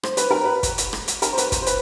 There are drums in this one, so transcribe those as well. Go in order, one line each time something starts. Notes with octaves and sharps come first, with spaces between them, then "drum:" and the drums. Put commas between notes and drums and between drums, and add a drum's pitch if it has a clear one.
C5, drum: rim click
B4, drum: hi-hat
A#4
B4
drum: kick, hi-hat
drum: hi-hat
drum: rim click
drum: hi-hat
A#4, drum: hi-hat
C5
B4, drum: hi-hat
C5, drum: kick, hi-hat
C5
B4, drum: hi-hat